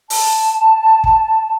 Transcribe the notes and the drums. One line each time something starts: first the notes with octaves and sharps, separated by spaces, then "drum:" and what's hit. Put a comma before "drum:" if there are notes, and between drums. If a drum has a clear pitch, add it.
A5, drum: open hi-hat
drum: kick